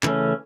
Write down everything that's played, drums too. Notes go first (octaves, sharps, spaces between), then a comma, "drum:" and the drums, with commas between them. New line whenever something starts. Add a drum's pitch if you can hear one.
C#3 E3 A3 C#4, drum: clap